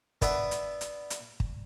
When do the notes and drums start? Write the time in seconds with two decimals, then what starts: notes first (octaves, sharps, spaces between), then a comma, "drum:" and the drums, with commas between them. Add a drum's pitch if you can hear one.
0.22 B3 D4 B4 E5, drum: kick, hi-hat
0.51 drum: hi-hat
0.81 drum: hi-hat
1.10 drum: hi-hat
1.40 drum: kick